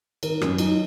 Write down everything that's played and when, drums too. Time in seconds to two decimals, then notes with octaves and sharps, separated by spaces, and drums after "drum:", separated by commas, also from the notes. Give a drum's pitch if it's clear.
0.23 D#3 A#4, drum: cymbal
0.41 F#2 C#4, drum: rim click
0.58 F#3 D#4, drum: cymbal